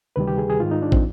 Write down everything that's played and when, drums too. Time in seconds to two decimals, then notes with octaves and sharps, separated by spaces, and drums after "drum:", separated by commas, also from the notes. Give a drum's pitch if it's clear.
0.16 D2 C3 D#3 G3 B4
0.27 G4
0.38 G#4
0.50 G#4
0.60 G#2 D#3 G#3 F4
0.71 D#4
0.82 D4
0.92 C4, drum: kick